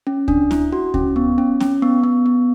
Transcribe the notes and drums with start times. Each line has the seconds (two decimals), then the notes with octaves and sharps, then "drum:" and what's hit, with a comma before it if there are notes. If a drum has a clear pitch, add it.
0.07 C#4
0.28 D4, drum: kick D2
0.51 E4, drum: snare C4
0.72 F#4
0.94 C#4, drum: kick D2
1.16 B3
1.38 C#4
1.60 C#4, drum: snare C4
1.82 B3
2.04 B3
2.26 B3